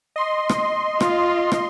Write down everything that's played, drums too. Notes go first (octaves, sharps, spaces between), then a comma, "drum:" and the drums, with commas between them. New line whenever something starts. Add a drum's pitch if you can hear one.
D#5 C6
drum: rim click
F4, drum: rim click
drum: rim click